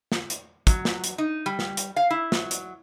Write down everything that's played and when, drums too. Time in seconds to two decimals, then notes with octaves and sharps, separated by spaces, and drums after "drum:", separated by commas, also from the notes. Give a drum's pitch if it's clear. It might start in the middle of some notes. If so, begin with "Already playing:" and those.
0.12 drum: snare
0.30 drum: hi-hat
0.67 F#3, drum: kick, hi-hat
0.85 drum: snare
1.04 drum: hi-hat
1.18 D#4
1.46 G3
1.59 drum: snare
1.77 drum: hi-hat
1.96 F5
2.10 E4
2.32 F#3, drum: snare
2.51 drum: hi-hat